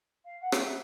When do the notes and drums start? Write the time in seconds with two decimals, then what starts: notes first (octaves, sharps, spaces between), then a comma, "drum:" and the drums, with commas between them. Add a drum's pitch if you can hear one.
0.25 F5
0.41 F#5
0.52 F5, drum: rim click
0.59 E5